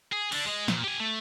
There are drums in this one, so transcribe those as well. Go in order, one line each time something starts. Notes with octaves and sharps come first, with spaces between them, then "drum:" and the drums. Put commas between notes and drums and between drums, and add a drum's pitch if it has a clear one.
G#4
D3 D4, drum: cymbal
G#3 D#5
A#2, drum: snare
G4 G#5
A3